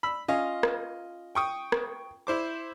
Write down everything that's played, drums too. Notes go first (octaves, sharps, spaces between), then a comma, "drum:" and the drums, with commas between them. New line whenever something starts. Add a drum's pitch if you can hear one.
B5 E6
C#4 F4 D#5 F5
drum: rim click
G5 C#6 D#6
drum: rim click
E4 C5 D6